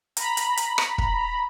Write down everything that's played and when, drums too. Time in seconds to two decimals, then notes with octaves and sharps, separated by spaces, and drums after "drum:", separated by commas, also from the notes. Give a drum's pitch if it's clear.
0.17 A#5 B5, drum: hi-hat
0.37 drum: hi-hat
0.57 drum: hi-hat
0.78 drum: rim click
0.98 drum: kick